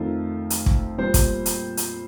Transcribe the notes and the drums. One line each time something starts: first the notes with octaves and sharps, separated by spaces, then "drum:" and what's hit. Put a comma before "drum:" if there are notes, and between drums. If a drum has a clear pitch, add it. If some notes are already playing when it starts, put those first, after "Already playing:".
Already playing: F2 D#3 A3 F4
drum: hi-hat
drum: kick
A#2 G3 C5
drum: kick, hi-hat
drum: hi-hat
drum: hi-hat